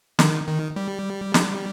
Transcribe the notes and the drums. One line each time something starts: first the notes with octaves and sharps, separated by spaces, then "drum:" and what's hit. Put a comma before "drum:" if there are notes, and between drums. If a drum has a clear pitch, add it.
D#3, drum: snare
D#3
G3
drum: snare